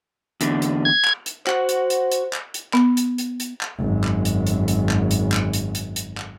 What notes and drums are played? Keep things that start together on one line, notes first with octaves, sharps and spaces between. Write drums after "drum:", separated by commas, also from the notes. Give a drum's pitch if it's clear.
E2 D3, drum: hi-hat
drum: hi-hat
G#6
drum: clap
drum: hi-hat
F#4 C5 F#5, drum: clap
drum: hi-hat
drum: hi-hat
drum: hi-hat
drum: clap
drum: hi-hat
B3, drum: clap
drum: hi-hat
drum: hi-hat
drum: hi-hat
drum: clap
G#1 F#2
drum: clap
drum: hi-hat
drum: hi-hat
drum: hi-hat
drum: clap
drum: hi-hat
drum: clap
drum: hi-hat
drum: hi-hat
drum: hi-hat
drum: clap